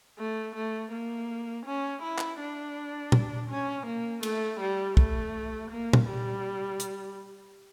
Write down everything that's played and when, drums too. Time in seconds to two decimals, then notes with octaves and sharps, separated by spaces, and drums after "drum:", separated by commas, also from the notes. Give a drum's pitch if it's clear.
0.18 A3
0.55 A3
0.92 A#3
1.66 C#4
2.02 E4
2.18 drum: clap
2.39 D4
3.12 drum: tom
3.49 C#4
3.87 A#3
4.23 A3, drum: cymbal
4.60 G3
4.97 A3, drum: kick
5.70 A#3
5.93 drum: tom
6.07 G3
6.80 drum: hi-hat